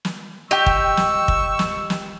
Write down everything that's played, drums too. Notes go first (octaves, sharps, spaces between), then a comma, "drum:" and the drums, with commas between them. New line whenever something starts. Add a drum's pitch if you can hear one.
drum: snare
G4 D#5 G5 C#6 E6
drum: kick
drum: snare
drum: kick
drum: snare
drum: snare